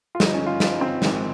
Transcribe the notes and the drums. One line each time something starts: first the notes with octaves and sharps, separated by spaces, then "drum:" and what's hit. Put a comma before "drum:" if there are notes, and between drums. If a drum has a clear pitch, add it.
F4
G1 G2 F3 D#4, drum: snare
C#4
F4
D#4, drum: snare
C4
A#1 G#2 D#3, drum: snare